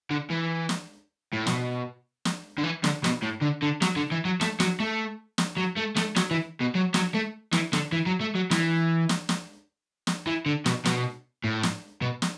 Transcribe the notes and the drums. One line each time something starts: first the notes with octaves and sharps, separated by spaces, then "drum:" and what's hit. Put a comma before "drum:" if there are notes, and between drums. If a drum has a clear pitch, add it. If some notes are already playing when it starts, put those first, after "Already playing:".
D3
E3
drum: snare
A2
B2, drum: snare
drum: snare
D3
E3
D3, drum: snare
B2, drum: snare
A2
D3
D3
F#3, drum: snare
D3
E3
F#3
A3, drum: snare
F#3, drum: snare
A3
drum: snare
F#3
A3
A3, drum: snare
F#3, drum: snare
E3
B2
F#3
F#3, drum: snare
A3
E3, drum: snare
D3, drum: snare
E3
F#3
A3
F#3
E3, drum: snare
drum: snare
drum: snare
drum: snare
E3
D3
B2, drum: snare
B2, drum: snare
A2
drum: snare
B2
drum: snare